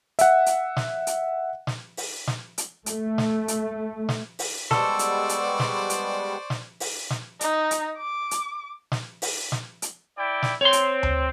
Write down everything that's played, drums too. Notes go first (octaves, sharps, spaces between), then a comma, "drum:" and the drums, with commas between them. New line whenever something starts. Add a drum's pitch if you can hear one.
E5 F#5, drum: hi-hat
drum: hi-hat
drum: snare
drum: hi-hat
drum: snare
drum: open hi-hat
drum: snare
drum: hi-hat
A3, drum: hi-hat
drum: snare
drum: hi-hat
drum: snare
drum: open hi-hat
G3 G#3 B3 A4 C5 D5 C#6, drum: snare
drum: hi-hat
drum: hi-hat
drum: snare
drum: hi-hat
drum: snare
drum: open hi-hat
drum: snare
D#4, drum: hi-hat
drum: hi-hat
D6
drum: hi-hat
drum: snare
drum: open hi-hat
drum: snare
drum: hi-hat
E4 D5 G5
drum: snare
C4 C#5 C6
drum: hi-hat
drum: tom D2